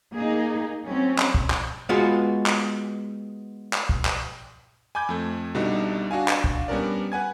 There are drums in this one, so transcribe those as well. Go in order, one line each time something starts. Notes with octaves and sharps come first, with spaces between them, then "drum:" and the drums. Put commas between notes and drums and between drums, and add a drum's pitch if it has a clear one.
A#3 D#4 G#4
F#3 C4 C#4
drum: clap
drum: kick
drum: clap
G#3 B3 F4 F#4 B4
drum: clap
drum: clap
drum: kick
drum: clap
G#5 B5 D6 G6 G#6
F2 A3
C2 B2 D3 G3 D4 D#4
D4 F#4 F5 G#5
drum: clap
drum: kick
G3 B3 C#4 D4 A#4 D5
B4 F#5 G#5 G#6